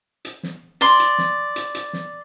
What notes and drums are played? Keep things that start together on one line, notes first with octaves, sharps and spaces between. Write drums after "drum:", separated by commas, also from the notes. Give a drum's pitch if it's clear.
drum: hi-hat
drum: snare
D5 C6, drum: hi-hat
drum: hi-hat
drum: snare
drum: hi-hat
drum: hi-hat
drum: snare